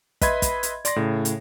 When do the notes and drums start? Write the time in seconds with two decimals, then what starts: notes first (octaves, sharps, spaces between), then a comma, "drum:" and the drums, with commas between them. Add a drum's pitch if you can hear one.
0.21 B4 D#5 E5 B5 C6 G#6, drum: kick, hi-hat
0.42 drum: kick, hi-hat
0.63 drum: hi-hat
0.85 D5 C6 A#6, drum: hi-hat
0.96 A2 C#3
1.25 drum: hi-hat